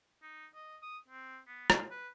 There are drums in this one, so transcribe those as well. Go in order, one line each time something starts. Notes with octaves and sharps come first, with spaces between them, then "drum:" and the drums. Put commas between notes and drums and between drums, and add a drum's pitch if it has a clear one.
D#4
D#5
D#6
C4
B3
F4, drum: rim click
B4